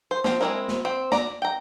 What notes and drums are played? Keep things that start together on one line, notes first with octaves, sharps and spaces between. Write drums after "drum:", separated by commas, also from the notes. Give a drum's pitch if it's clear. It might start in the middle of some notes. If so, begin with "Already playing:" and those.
C5
F3 C4, drum: snare
G#3 C4 D4 E4 A#4
drum: snare
C4
D5 A#5, drum: snare
G5 A#5